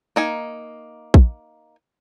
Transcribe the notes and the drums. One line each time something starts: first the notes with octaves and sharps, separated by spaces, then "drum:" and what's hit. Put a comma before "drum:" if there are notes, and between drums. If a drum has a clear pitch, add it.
A#3 D#4 G#5
drum: kick A#1